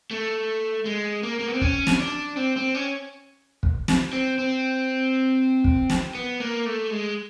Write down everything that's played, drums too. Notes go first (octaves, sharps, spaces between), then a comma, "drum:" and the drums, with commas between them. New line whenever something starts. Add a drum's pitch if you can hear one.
A3
G#3
A#3
A#3
B3
C4
C#4, drum: kick
drum: snare
D4
C4
C4
C#4
drum: kick
drum: snare
C4
C4
drum: kick
drum: snare
B3
A#3
A3
G#3